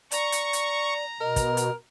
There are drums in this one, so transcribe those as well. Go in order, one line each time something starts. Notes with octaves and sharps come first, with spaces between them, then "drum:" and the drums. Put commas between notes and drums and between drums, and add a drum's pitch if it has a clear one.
D5 A#5 C#6, drum: hi-hat
drum: hi-hat
drum: hi-hat
B2 A#4 D#5
drum: kick, hi-hat
drum: hi-hat